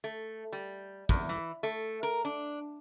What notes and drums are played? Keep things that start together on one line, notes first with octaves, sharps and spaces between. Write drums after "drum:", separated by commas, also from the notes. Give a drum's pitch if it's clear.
A3
G3
E2, drum: kick
E3
A3
A#4
D4